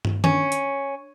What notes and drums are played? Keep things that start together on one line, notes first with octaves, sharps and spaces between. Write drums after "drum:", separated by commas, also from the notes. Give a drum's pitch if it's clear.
drum: tom
C#4, drum: tom D#3
drum: hi-hat